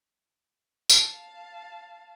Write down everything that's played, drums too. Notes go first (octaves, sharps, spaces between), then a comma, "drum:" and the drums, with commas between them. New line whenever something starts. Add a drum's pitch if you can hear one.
F5 A5, drum: tambourine